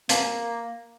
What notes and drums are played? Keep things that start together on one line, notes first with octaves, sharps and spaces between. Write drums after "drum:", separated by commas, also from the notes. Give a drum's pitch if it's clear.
A#3, drum: hi-hat